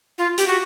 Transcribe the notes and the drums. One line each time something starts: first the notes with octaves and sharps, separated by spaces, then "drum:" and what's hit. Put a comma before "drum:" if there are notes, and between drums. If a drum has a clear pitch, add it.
F4
G4, drum: hi-hat
F#4